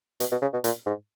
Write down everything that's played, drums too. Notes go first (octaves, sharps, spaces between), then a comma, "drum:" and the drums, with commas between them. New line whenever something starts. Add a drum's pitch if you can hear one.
B2, drum: hi-hat
B2
C#3
B2
A#2, drum: hi-hat
G#2